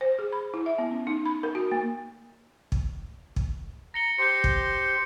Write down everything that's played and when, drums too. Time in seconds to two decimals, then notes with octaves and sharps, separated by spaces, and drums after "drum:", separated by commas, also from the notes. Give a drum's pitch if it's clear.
0.01 C5
0.19 G#4
0.32 B5
0.54 E4
0.66 E5
0.78 B3
0.91 C#4
1.07 D#4
1.25 B5
1.43 A#4
1.55 F#4
1.72 A#3
2.72 drum: kick
3.36 drum: kick
3.94 A#5 A#6 C#7 G7
4.18 G4 C5 C6 G6 C#7
4.44 drum: kick